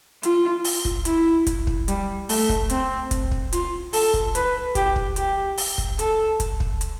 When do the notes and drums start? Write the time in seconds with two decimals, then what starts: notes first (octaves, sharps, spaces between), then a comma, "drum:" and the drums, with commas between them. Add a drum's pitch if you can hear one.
0.23 F4, drum: hi-hat
0.64 drum: open hi-hat
0.85 drum: kick
1.05 E4, drum: hi-hat
1.47 drum: kick, hi-hat
1.67 drum: kick
1.88 G3, drum: hi-hat
2.29 A3, drum: open hi-hat
2.49 drum: kick
2.70 C4, drum: hi-hat
3.11 drum: kick, hi-hat
3.32 drum: kick
3.53 F4, drum: hi-hat
3.93 A4, drum: open hi-hat
4.14 drum: kick
4.35 B4, drum: hi-hat
4.75 G4, drum: kick, hi-hat
4.96 drum: kick
5.16 G4, drum: hi-hat
5.58 drum: open hi-hat
5.78 drum: kick
5.99 A4, drum: hi-hat
6.40 drum: kick, hi-hat
6.60 drum: kick
6.81 drum: hi-hat